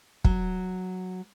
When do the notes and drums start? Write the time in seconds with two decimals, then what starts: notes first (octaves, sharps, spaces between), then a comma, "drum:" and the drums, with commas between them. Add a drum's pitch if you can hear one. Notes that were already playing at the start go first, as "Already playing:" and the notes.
0.24 F#3, drum: kick